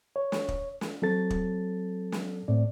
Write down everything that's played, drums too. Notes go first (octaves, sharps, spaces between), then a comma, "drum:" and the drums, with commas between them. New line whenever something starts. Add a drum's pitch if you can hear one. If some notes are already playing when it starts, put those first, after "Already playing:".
C#5
drum: snare
drum: kick
drum: snare
F#3 C4 A4 A6
drum: kick
drum: snare
A2 A3 C4 D5